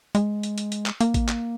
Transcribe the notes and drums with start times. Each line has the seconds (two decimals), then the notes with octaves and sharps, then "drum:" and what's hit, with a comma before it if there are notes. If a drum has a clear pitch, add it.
0.15 G#3, drum: hi-hat
0.43 drum: hi-hat
0.58 drum: hi-hat
0.72 drum: hi-hat
0.86 drum: clap
1.01 A#3, drum: hi-hat
1.14 drum: kick A1, hi-hat
1.29 drum: clap